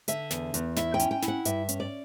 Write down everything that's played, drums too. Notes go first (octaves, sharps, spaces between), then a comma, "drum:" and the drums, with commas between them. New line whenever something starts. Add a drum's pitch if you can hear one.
D3 E5, drum: hi-hat
E2, drum: snare
E2, drum: hi-hat
E4 E5, drum: snare
G5
C#4, drum: hi-hat
G5
E4, drum: snare
F#5
G2 E5, drum: hi-hat
C#4, drum: hi-hat
D5